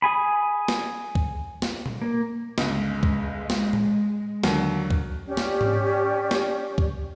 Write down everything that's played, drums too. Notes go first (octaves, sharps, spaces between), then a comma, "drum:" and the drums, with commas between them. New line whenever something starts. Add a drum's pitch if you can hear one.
G#4 G#5 B5
drum: snare
drum: kick C#2
drum: snare
drum: tom A#2
A#3
G1 C#2 G#3, drum: snare
drum: kick C#2
drum: snare
drum: tom A2
D#2 D3 F#3, drum: snare
drum: kick C#2
C#4 G4 D5
drum: snare
drum: tom G#2
drum: snare
drum: kick C#2